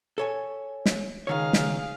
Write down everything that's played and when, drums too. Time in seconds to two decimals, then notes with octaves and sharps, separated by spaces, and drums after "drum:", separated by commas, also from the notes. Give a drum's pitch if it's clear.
0.18 A4 C#5 G#5
0.86 drum: snare
1.27 C#2 D#3 G#4 C#5 F5
1.53 drum: snare